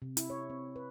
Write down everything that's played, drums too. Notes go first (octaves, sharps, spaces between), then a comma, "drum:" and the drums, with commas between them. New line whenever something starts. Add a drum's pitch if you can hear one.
C3
E4, drum: hi-hat
C#5
C4
B4